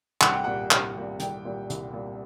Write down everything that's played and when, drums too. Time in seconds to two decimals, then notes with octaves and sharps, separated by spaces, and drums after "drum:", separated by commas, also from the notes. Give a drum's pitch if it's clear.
0.21 C2 F#5, drum: clap
0.33 G5
0.44 A#2 G3 F#5
0.71 C2, drum: clap
0.95 A#2 G3
1.19 C2 G5, drum: hi-hat
1.45 A#2 G3
1.70 C2, drum: hi-hat
1.93 A#2 G3